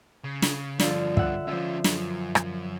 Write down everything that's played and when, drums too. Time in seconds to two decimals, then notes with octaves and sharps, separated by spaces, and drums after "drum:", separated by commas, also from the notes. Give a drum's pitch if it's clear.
0.24 C#3
0.42 drum: snare
0.79 G2 D3 F3 F4, drum: snare
1.17 E5 F#5, drum: kick
1.48 F3 C#4 F4 E5
1.84 F#2, drum: snare
2.35 drum: rim click